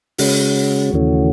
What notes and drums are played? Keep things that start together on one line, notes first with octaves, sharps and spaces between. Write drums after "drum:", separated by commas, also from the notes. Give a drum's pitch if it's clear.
C#3 G#3 C#4 F#4, drum: open hi-hat
D#2 C#3 E3 A3 C#4